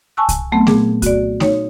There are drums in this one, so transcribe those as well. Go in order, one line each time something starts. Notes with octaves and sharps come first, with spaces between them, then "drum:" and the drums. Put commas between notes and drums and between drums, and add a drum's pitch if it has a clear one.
G#5 A5 C#6 E6 F#6
drum: kick C2, hi-hat
F#3 A3 B3 C4
A#2 G#4, drum: snare A3
F#4 D5, drum: kick C2, hi-hat
D#4 C#5, drum: snare A3